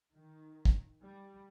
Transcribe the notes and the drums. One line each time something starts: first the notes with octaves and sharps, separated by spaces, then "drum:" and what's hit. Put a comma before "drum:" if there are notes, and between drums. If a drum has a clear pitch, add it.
D#3
drum: kick
G3